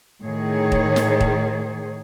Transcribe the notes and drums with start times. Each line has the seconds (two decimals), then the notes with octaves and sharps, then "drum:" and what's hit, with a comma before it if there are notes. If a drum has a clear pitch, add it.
0.23 A2 D#3 G#4 C#5
0.72 drum: kick
0.96 drum: snare
1.21 drum: kick